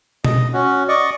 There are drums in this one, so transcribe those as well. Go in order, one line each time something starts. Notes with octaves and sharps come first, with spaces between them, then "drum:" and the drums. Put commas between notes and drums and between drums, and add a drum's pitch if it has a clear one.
D#5, drum: tom B2
C#4 F#4
D5 D#5 C#6